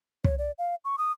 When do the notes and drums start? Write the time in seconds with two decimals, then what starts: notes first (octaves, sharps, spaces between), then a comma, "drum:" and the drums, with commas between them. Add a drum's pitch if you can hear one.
0.24 C#5, drum: kick
0.38 D5
0.58 F5
0.85 C#6
0.98 D#6